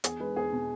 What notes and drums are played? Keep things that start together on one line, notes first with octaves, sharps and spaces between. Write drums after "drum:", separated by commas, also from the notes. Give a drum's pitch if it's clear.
E2 G#4, drum: hi-hat
G#3 B4
E2 G#4
B2